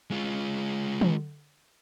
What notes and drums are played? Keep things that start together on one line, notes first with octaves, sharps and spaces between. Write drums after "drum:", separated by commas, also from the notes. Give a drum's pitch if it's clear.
G#3 F4
drum: tom